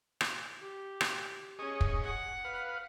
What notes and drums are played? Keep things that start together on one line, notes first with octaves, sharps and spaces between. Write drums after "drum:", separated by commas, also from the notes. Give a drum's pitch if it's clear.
drum: rim click
G4
drum: rim click
C#4 G#4 D#5 C#6
drum: kick
F#5
B4 F5